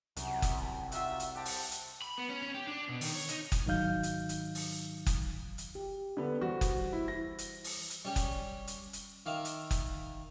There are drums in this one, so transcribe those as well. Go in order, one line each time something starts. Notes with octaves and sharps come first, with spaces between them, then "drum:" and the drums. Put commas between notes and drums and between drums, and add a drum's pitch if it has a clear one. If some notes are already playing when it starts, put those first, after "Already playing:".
C2 F#2, drum: hi-hat
drum: kick F#1, hi-hat
D#4 F4 F#4 E5, drum: hi-hat
drum: hi-hat
G4 C5 F#5 A5
drum: open hi-hat
drum: hi-hat
B5
B3
C#4
C#4
G4
D4
B2
D#3, drum: open hi-hat
C#5
D#4, drum: hi-hat
drum: kick F#1, hi-hat
G#2 D#3 F#3 D#4 F5 G6
drum: hi-hat
drum: hi-hat
drum: open hi-hat
drum: kick F#1, hi-hat
drum: hi-hat
G4
D3 B3
E3 G3 F#4 C5
drum: kick F#1, hi-hat
E4
A#6
drum: hi-hat
drum: open hi-hat
drum: hi-hat
G3 C#4 G4
drum: kick F#1, hi-hat
drum: hi-hat
drum: hi-hat
D#3 E5 F5 D6
drum: hi-hat
drum: kick F#1, hi-hat